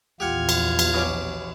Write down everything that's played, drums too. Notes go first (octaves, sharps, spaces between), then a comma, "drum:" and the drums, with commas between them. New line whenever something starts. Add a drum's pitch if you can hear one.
A#1 E2 F4 G4 F#5 F6 G#6
drum: cymbal
drum: cymbal
B2 C#4 D6